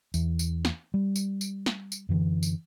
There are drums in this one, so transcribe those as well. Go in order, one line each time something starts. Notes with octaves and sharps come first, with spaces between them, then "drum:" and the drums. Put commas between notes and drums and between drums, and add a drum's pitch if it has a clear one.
E2, drum: tambourine
drum: tambourine
drum: snare
G3
drum: tambourine
drum: tambourine
drum: snare
drum: tambourine
F#2 D3 E3
drum: tambourine